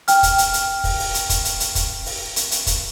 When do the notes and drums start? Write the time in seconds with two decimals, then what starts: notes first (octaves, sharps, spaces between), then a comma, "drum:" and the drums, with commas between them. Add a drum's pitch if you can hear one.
0.08 G5 F6, drum: hi-hat
0.23 drum: kick, hi-hat
0.38 drum: hi-hat
0.53 drum: hi-hat
0.84 drum: kick, open hi-hat
0.99 drum: open hi-hat
1.14 drum: hi-hat
1.30 drum: kick, hi-hat
1.45 drum: hi-hat
1.60 drum: hi-hat
1.75 drum: kick, hi-hat
2.06 drum: open hi-hat
2.36 drum: hi-hat
2.51 drum: hi-hat
2.67 drum: kick, hi-hat